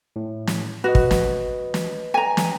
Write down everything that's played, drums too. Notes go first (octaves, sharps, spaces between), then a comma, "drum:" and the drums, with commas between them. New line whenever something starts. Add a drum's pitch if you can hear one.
A2
drum: snare
F#4 B4 D#5
drum: kick
drum: snare
drum: snare
G#5 A#5
drum: snare